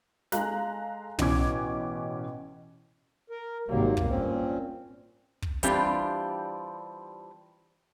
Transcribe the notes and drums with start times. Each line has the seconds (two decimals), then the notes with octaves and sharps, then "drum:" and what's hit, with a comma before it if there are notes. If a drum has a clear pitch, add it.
0.32 G#3 A4 F5 A#5 F#6, drum: snare
1.19 A1 B2 E3 C#4 D6 G#6, drum: tom
3.30 A#4
3.68 G#1 C3 D#3 F#3 G3 A#3
3.97 drum: kick
4.09 G2 A#2 C4 C#4
5.42 drum: kick
5.63 E3 G3 C4 D4 F4 G4, drum: hi-hat